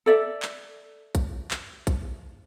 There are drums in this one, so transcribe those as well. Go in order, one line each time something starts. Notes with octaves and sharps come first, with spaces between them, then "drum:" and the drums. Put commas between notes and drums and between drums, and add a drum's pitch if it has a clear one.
A4 D5 E5
drum: clap
drum: kick A#1, hi-hat
drum: clap
drum: kick A#1, hi-hat